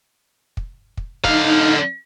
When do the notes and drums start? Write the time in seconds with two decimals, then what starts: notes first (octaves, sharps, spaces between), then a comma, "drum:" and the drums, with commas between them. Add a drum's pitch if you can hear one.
0.57 drum: kick
0.97 drum: kick
1.24 D3 D#4 F5, drum: kick